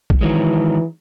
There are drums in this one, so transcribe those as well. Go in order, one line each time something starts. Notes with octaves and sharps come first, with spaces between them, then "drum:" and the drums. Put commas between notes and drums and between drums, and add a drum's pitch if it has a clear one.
drum: kick
D#3 E3 F#3 G#3